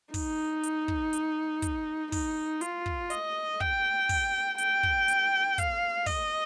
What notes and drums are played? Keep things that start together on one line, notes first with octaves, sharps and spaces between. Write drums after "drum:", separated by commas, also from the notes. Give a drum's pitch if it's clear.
D#4, drum: kick, open hi-hat
drum: hi-hat
drum: kick
drum: hi-hat
drum: kick, hi-hat
D#4, drum: kick, open hi-hat
F4, drum: hi-hat
drum: kick
D#5, drum: hi-hat
G5, drum: kick
drum: kick, open hi-hat
G5, drum: hi-hat
drum: kick
drum: hi-hat
F5, drum: kick, hi-hat
D#5, drum: kick, open hi-hat